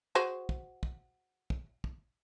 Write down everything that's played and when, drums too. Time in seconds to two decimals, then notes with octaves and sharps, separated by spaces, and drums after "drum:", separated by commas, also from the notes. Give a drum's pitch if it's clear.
0.15 F#4 G#4 C5
0.49 drum: kick
0.83 drum: kick
1.50 drum: kick
1.84 drum: kick